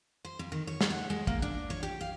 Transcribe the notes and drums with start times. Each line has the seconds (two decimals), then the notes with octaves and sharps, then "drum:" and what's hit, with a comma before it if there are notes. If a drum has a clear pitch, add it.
0.25 C5
0.39 F2
0.52 D#3
0.67 C#5
0.81 drum: snare
0.90 F#5
1.10 G#3
1.27 A#3, drum: kick A1
1.42 D4
1.70 C#5
1.83 G4
2.01 F5